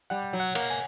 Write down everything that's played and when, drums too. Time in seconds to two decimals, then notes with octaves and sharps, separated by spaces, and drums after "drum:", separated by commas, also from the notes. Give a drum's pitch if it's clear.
0.10 G3 F#5
0.33 F#3
0.40 F#5
0.55 A#3, drum: cymbal
0.70 G#5